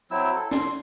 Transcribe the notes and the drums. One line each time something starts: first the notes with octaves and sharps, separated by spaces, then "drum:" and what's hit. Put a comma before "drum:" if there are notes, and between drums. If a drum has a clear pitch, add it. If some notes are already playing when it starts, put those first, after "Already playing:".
F#3 C4 E4 E6
A4
C6, drum: snare